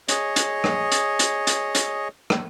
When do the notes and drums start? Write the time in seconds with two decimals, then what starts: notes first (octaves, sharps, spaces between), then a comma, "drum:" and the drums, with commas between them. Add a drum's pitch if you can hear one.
0.08 G#4 C#5 D#5, drum: hi-hat
0.36 drum: hi-hat
0.64 drum: rim click
0.92 drum: hi-hat
1.19 drum: hi-hat
1.47 drum: hi-hat
1.75 drum: hi-hat
2.30 drum: rim click